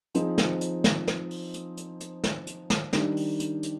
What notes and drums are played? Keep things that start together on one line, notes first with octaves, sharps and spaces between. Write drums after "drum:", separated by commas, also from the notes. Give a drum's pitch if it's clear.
F3 C4 D#4 G#4 C5, drum: hi-hat
drum: snare
drum: hi-hat
drum: snare
drum: snare
drum: open hi-hat
drum: hi-hat
drum: hi-hat
drum: hi-hat
drum: snare
drum: hi-hat
drum: snare
D#3 G3 D4, drum: snare
drum: open hi-hat
drum: hi-hat
drum: hi-hat